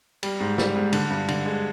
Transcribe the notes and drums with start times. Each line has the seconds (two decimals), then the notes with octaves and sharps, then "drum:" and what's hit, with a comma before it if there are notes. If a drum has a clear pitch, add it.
0.23 G3, drum: cymbal
0.40 G#2
0.58 G3, drum: snare
0.76 G#2
0.93 D3, drum: cymbal
1.10 G2
1.28 D3, drum: cymbal
1.46 G#3